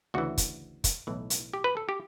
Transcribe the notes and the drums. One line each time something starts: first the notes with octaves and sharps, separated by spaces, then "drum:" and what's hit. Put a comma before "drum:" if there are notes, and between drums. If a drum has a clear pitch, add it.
D2 C#3 E3 F#4
drum: kick, hi-hat
drum: kick, hi-hat
B1 A2 E3
drum: hi-hat
G4
B4
A4
G4